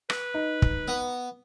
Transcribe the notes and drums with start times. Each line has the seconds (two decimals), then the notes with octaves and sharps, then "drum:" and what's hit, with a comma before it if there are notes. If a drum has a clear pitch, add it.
0.10 B4, drum: rim click
0.34 D#4
0.62 drum: kick
0.88 B3